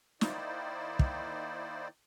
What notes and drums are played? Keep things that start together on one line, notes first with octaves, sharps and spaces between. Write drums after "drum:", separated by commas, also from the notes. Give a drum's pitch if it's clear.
D#3 A#3 D#4 E4 C5 D5, drum: snare
drum: kick